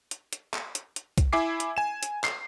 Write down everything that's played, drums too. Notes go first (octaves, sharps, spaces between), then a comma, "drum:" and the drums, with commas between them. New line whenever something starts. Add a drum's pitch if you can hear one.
drum: hi-hat
drum: hi-hat
drum: clap
drum: hi-hat
drum: hi-hat
drum: kick, hi-hat
E4 E5 G#5 D6 C7
drum: hi-hat
G#5 E7
drum: hi-hat
C7, drum: clap